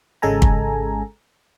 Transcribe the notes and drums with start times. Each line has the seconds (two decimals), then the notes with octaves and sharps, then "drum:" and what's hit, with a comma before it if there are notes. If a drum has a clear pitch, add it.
0.22 G#1 C#3 G#3 A4 G#5 A#5
0.42 drum: kick